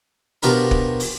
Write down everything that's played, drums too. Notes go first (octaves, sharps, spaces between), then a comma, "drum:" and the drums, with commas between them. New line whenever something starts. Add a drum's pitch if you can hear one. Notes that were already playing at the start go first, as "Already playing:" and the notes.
B2 F3 D4 G4 A#4 B5, drum: hi-hat
drum: kick
drum: open hi-hat